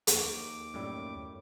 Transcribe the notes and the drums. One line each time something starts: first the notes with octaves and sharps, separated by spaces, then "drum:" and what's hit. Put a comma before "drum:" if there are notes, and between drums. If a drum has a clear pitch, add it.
F2 A#3 A#5, drum: hi-hat
D#2 D6
F#2 A2 G3